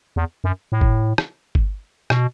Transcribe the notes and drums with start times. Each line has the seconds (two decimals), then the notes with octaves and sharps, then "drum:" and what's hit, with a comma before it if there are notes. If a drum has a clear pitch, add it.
0.16 E2
0.44 F#2
0.72 A2
0.81 drum: kick G1
1.18 drum: rim click
1.55 drum: kick G1
2.10 B2, drum: rim click